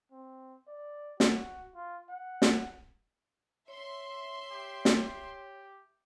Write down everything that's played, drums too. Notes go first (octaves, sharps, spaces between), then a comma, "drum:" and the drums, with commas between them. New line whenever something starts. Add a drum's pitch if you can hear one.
C4
D5
F#4, drum: snare
F4
F#5
drum: snare
C#5 E5 C6
G4
drum: snare